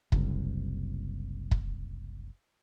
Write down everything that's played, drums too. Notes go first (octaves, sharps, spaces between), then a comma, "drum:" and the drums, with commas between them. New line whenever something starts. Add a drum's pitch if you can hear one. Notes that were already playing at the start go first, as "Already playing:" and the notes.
F#1 C2, drum: kick
drum: kick